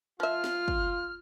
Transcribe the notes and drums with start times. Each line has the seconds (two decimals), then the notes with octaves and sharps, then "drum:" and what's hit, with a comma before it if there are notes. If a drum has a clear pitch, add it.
0.20 F3 F4 E5 F6
0.44 drum: snare
0.68 drum: kick